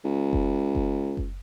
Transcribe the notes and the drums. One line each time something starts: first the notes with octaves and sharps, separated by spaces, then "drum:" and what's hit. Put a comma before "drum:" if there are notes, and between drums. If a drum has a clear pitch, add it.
C#2
drum: kick F#1
drum: kick F#1
drum: kick F#1